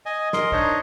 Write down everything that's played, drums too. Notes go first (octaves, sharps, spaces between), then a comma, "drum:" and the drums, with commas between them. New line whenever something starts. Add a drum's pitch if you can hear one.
D#5 G#5
A#4 D#5 C6, drum: snare
D4 D#4 C5 C#5 D#5, drum: kick